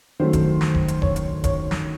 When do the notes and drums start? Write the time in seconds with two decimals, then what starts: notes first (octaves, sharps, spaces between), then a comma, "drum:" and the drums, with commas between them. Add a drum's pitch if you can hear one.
0.20 D#3 F#3 A3 C5
0.33 drum: kick, hi-hat
0.61 drum: snare
0.75 drum: kick
0.88 drum: hi-hat
1.02 C#5, drum: kick
1.16 drum: hi-hat
1.44 C#5, drum: kick, hi-hat
1.71 drum: snare